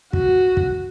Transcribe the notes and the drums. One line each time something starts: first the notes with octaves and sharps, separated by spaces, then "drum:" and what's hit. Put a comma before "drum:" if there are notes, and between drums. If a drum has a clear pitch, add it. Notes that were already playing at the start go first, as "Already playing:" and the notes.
F#4, drum: kick
drum: kick